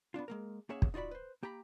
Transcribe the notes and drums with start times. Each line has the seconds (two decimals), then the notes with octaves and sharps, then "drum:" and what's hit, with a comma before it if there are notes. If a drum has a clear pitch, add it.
0.14 B3 C4 D4 F4
0.28 G#3 A#3 A#4
0.69 A#3 C#4 G#4 C#5 E5 F#5
0.82 drum: kick
0.94 D#4 F4 F#4 D5 B5
1.11 B4 C5
1.43 A#3 G4 G5 A#5 B5